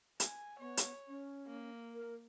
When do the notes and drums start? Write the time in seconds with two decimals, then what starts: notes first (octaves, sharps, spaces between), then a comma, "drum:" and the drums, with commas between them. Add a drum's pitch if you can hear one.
0.20 G#5, drum: hi-hat
0.60 B3 C#5
0.77 drum: hi-hat
1.08 C#4
1.47 A#3
1.95 A#4